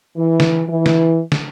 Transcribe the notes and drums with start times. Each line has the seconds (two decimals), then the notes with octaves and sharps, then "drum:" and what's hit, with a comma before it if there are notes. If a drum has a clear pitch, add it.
0.17 E3
0.40 drum: snare
0.68 E3
0.86 drum: snare
1.32 drum: snare